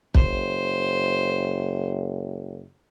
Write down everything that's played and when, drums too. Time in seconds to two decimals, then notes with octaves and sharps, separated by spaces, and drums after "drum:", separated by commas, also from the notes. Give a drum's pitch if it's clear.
0.15 F#1 C5, drum: kick